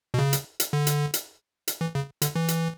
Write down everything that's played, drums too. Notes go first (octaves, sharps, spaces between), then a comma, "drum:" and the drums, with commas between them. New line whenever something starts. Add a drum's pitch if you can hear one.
B2
C#3
drum: hi-hat
drum: hi-hat
D3
drum: hi-hat
drum: hi-hat
drum: hi-hat
E3
C#3
D3, drum: hi-hat
E3
drum: hi-hat